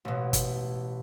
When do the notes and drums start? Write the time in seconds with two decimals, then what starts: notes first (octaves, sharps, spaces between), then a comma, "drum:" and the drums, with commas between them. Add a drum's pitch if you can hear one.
0.05 A1 B2
0.33 drum: kick, hi-hat